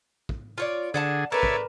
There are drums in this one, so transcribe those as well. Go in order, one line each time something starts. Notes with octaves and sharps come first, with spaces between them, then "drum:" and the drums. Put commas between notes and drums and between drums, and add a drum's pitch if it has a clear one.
drum: kick
F4 C#5 D5
D3 G#4 D5 F#5 A5
A3 D4 A#4 B4 C#5 D5 E5
drum: kick